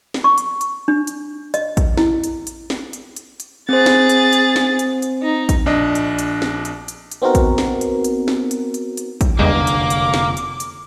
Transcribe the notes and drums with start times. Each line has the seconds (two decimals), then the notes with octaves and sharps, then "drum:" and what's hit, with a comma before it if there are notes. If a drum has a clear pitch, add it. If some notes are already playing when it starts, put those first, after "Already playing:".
0.14 drum: snare
0.24 C#6
0.38 drum: hi-hat
0.61 drum: hi-hat
0.88 D4
1.07 drum: hi-hat
1.54 D#5, drum: hi-hat
1.77 drum: kick A1, hi-hat
1.97 E4, drum: snare
2.24 drum: hi-hat
2.47 drum: hi-hat
2.70 drum: snare
2.93 drum: hi-hat
3.17 drum: hi-hat
3.40 drum: hi-hat
3.69 C4 G#4 C5 A6
3.86 drum: snare
4.09 drum: hi-hat
4.33 drum: hi-hat
4.56 drum: snare
4.79 drum: hi-hat
5.02 drum: hi-hat
5.23 D#4
5.49 drum: kick A1, hi-hat
5.66 A#1 D4 D#5
5.95 drum: hi-hat
6.19 drum: hi-hat
6.42 drum: snare
6.65 drum: hi-hat
6.88 drum: hi-hat
7.12 drum: hi-hat
7.22 B3 C4 D#4 F#4 A#4
7.35 drum: kick A1, hi-hat
7.58 drum: snare
7.81 drum: hi-hat
8.04 drum: hi-hat
8.28 drum: snare
8.51 drum: hi-hat
8.74 drum: hi-hat
8.97 drum: hi-hat
9.21 drum: kick A1, hi-hat
9.39 F1 E2 D3 G3 G#3 A#3 D6
9.67 drum: hi-hat
9.90 drum: hi-hat
10.14 drum: snare
10.37 drum: hi-hat
10.60 drum: hi-hat